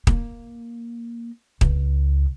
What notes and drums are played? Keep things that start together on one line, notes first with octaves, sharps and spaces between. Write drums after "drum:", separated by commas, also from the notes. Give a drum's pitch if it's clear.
A#3, drum: kick D#1
C#2, drum: kick D#1